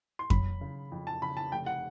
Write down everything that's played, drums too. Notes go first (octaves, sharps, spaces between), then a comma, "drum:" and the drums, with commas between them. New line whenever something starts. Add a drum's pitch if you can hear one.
C6
F#3 B5, drum: kick F2
C#3
F2
A5
C#3 B5
A5
F1 G5
F#5